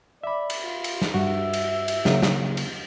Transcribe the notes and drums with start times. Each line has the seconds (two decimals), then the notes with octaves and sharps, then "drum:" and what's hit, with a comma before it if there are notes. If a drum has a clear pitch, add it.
0.23 D5 E5 B5
0.50 drum: cymbal
0.63 F4
0.84 drum: cymbal
1.02 drum: snare
1.14 G2 F#4 E5
1.53 drum: cymbal
1.88 drum: cymbal
2.05 C#3 F#3 A#3, drum: snare
2.23 drum: snare
2.57 drum: cymbal